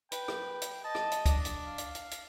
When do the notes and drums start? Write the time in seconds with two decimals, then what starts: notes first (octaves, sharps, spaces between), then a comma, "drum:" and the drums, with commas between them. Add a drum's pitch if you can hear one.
0.12 B4 G5, drum: hi-hat
0.28 drum: rim click
0.52 G5
0.62 drum: hi-hat
0.84 D#5 A5
0.95 drum: rim click
1.11 drum: hi-hat
1.26 D4, drum: kick, hi-hat
1.45 drum: hi-hat
1.65 F5
1.78 drum: hi-hat
1.95 drum: hi-hat
2.11 drum: hi-hat